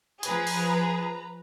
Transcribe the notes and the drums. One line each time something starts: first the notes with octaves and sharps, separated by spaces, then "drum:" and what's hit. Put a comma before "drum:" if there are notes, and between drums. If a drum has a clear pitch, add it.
F3 G#4 B4 A#5, drum: hi-hat
drum: open hi-hat